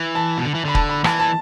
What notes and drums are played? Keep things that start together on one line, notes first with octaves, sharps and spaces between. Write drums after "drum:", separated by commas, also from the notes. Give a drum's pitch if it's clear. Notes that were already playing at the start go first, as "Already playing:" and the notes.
Already playing: E3
A5
B2
D3
E3
D3 B5
A5, drum: kick
B5
E3 A5, drum: rim click
A5